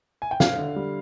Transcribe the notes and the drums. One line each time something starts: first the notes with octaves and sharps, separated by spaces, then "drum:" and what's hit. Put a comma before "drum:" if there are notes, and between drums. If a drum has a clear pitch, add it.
G#5
G5
D3 F5, drum: snare
D3
G3